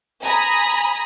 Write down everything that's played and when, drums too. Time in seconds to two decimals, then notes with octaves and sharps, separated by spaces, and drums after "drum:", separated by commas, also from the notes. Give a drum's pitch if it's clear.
0.23 G#5 A#5 B5 D#6, drum: tambourine